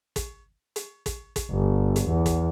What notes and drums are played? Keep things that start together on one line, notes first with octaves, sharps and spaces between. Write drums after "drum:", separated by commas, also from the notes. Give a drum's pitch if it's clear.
drum: kick, hi-hat
drum: hi-hat
drum: kick, hi-hat
drum: kick, hi-hat
G1
drum: hi-hat
E2
drum: kick, hi-hat